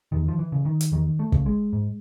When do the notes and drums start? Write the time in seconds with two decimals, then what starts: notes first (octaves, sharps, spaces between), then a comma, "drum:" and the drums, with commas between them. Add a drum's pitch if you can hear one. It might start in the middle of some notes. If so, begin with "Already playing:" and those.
0.12 E2 D#3
0.28 F3
0.39 E3
0.52 C#3
0.65 D#3
0.81 drum: hi-hat
0.92 E2 D#3
1.19 A3
1.32 C#3, drum: kick
1.46 G#3
1.73 G#2